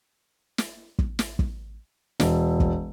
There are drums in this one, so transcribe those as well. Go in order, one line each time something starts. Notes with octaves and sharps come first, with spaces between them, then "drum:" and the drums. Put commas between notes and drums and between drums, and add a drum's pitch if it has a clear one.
drum: snare
drum: kick
drum: snare
drum: kick
E1, drum: snare
drum: kick